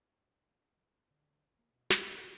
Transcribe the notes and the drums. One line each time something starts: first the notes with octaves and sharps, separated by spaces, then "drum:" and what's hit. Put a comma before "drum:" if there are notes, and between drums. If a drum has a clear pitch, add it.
D3
D3
F#1
A#3
B2
D#3, drum: snare
C#2
F#2